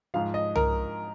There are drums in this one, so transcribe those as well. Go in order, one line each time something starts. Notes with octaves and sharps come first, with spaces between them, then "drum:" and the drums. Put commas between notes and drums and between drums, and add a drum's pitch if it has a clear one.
G#2 F3 F5
D#5
A#4, drum: tom C2